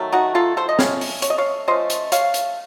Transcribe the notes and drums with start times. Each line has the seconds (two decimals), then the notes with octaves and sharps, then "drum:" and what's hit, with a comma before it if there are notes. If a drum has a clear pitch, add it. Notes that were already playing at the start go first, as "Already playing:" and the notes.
Already playing: D#3 F#3 A3
0.12 D#4 F#4
0.35 F4 A4
0.57 A4 C5
0.69 D#5
0.79 F3 A3 C#4 C#5 F5, drum: snare
1.01 drum: open hi-hat
1.22 C#5, drum: hi-hat
1.30 D#5
1.38 C#5 F5
1.68 F3 A3 C#4 C5 D#5
1.90 drum: hi-hat
2.12 C#5 F5, drum: hi-hat
2.34 drum: hi-hat